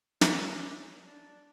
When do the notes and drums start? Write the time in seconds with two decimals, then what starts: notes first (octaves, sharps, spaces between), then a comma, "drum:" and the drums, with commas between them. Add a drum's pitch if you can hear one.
0.21 C#4, drum: snare
1.04 D4